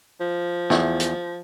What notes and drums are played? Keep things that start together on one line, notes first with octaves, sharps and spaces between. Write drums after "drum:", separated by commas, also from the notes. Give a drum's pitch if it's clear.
F3
E2, drum: snare
drum: hi-hat